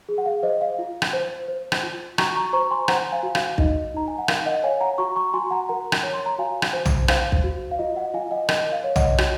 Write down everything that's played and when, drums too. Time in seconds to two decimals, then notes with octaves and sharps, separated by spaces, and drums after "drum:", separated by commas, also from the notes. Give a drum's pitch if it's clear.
0.09 G#4
0.18 F#5
0.26 F5
0.43 C5 D#5
0.61 F5
0.79 F4
1.02 drum: rim click
1.13 C5
1.48 C5
1.72 drum: rim click
1.83 F4
2.18 F#4 A#5 C#6, drum: rim click
2.35 A#5 C#6
2.53 C5 A#5 C#6
2.71 G#5 C6
2.88 C5 F#5 A#5, drum: rim click
3.12 F5 G#5
3.23 F#4
3.35 F5, drum: rim click
3.58 D#4 D#5, drum: kick
3.94 D#4 A#5
4.08 G#5
4.18 F#5
4.28 A#4 F5, drum: rim click
4.46 D#5 F#5
4.63 C#5 F5 G#5
4.81 F#5 A#5
4.98 F#4 A#5 C#6
5.16 A#5 C#6
5.33 F#4 G#5 C6
5.51 F#5 A#5
5.68 A#4 F#5 A#5
5.92 drum: rim click
6.03 C#5
6.14 C6
6.26 A#5
6.39 F#4 F5 G#5
6.62 drum: rim click
6.73 C5
6.85 drum: tom
7.08 C5 F5, drum: rim click
7.32 drum: kick
7.44 F#4
7.71 F5
7.79 F4 D#5
7.96 D#5 F#5
8.14 F4 F5 G#5
8.31 D#5 F#5
8.49 A#4 D#5, drum: rim click
8.72 F5
8.84 C#5
8.96 D#5 F#5, drum: tom
9.18 F#4, drum: rim click